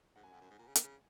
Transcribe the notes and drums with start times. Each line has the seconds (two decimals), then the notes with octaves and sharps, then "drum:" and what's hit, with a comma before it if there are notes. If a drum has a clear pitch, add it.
0.16 G#2 F#5
0.23 F#2 G#5
0.32 F2 F#5
0.41 F#2
0.51 G#2
0.59 A#2
0.68 C#3
0.75 D#3, drum: hi-hat
0.84 C#3